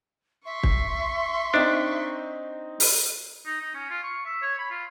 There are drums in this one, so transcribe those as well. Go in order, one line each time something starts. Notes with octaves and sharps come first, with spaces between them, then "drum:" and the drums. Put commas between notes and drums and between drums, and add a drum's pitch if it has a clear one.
E5 C6 C#6
drum: kick
C4 D4 D#4
drum: open hi-hat
D#4
D#4
C#4
F4
C#6
E5
C#5
B5
F4